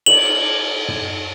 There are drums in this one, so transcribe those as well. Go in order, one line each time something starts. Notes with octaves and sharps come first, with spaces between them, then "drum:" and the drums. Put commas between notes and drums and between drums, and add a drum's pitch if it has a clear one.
F#7, drum: cymbal
drum: tom